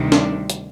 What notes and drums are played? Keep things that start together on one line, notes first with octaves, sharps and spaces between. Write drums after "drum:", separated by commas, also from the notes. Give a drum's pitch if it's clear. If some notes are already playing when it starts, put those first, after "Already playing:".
Already playing: D2 C3 D#3 G3
D4, drum: snare
drum: hi-hat